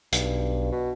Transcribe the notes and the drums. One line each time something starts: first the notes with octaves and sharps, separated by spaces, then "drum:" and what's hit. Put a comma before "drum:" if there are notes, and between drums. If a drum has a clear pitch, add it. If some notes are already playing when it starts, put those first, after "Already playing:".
B1 G2, drum: hi-hat
B2